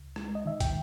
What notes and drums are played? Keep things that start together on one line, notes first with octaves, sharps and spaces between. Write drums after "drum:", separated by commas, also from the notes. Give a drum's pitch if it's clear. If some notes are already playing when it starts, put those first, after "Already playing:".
Already playing: C#2
G#3, drum: rim click
D#5
D#3 E5
G5, drum: kick, hi-hat